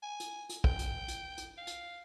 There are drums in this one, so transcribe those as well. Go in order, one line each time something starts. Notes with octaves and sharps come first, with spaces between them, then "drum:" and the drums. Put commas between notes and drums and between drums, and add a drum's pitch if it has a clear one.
G#5
drum: hi-hat
drum: hi-hat
G5, drum: kick
drum: hi-hat
drum: hi-hat
drum: hi-hat
F5
drum: hi-hat